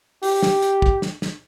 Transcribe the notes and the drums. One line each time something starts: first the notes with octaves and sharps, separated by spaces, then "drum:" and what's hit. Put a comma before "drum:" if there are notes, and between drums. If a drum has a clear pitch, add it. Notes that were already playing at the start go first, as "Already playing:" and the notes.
G4, drum: open hi-hat
drum: snare
drum: hi-hat
drum: kick
drum: snare
drum: snare